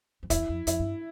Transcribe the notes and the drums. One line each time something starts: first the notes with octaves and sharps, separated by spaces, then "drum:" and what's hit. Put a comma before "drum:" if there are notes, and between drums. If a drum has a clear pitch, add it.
F2
E2 E4, drum: kick, hi-hat
F2
F2 E4, drum: hi-hat
G2